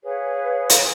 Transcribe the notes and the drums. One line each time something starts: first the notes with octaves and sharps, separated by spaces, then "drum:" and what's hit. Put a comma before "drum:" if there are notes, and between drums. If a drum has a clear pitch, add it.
G#4 B4 C#5 F5
drum: hi-hat